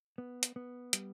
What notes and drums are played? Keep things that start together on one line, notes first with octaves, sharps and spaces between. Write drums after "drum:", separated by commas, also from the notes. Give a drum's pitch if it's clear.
B3
drum: hi-hat
B3
G3, drum: hi-hat